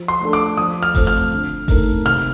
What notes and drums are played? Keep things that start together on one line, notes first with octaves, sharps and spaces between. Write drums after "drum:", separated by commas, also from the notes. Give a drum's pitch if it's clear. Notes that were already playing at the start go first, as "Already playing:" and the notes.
Already playing: F3
C6
A3 D4 A4
D6
F3 D#6
F6
A3 C4 F4 A4, drum: kick F#1, open hi-hat
F6
D3
A3 C4 D#4 A#4, drum: kick F#1, open hi-hat
C3 F6